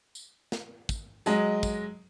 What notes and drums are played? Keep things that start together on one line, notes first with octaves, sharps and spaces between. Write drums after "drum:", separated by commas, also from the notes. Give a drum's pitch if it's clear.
drum: tambourine
drum: snare
drum: kick, tambourine
F#3 G#3 D#5, drum: tambourine
drum: kick, tambourine